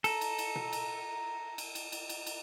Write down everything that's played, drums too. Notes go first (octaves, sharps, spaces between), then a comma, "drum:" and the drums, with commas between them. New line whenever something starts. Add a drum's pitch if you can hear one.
A4 A#5, drum: cymbal
drum: cymbal
drum: cymbal
drum: tom B2
drum: cymbal
drum: cymbal
drum: cymbal
drum: cymbal
drum: cymbal
drum: cymbal